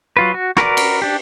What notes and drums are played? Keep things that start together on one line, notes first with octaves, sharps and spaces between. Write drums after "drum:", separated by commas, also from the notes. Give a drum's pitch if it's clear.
F#3 F4 B4
F#4
F#4 A#4 B4 D5, drum: rim click
drum: cymbal
D4 G4